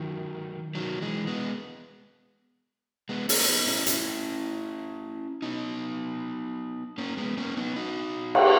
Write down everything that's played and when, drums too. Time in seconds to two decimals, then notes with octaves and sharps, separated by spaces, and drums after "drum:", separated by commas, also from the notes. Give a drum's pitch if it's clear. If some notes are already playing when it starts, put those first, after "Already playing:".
Already playing: D#3 F#3
0.75 D#3 F#3
1.01 E3 G#3
1.27 G#3 B3
3.09 G#3 B3
3.29 A#3 C#4, drum: open hi-hat
3.48 B3 D#4
3.67 C#4 E4
3.87 C#4 E4, drum: hi-hat
5.42 B3 D#4
6.98 A#3 C#4
7.17 G#3 B3
7.37 A#3 C#4
7.57 B3 D#4
7.76 D#4 F#4
8.35 drum: cymbal